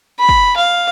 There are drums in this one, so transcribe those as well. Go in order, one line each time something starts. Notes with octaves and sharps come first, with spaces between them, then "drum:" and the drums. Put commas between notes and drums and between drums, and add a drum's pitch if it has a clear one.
B5
drum: kick
F5